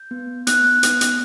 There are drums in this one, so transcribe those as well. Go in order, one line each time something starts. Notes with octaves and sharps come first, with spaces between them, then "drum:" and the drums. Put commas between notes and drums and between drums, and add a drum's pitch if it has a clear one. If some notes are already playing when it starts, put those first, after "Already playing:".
Already playing: G6
B3
B3 F#6, drum: hi-hat
B3, drum: hi-hat
drum: hi-hat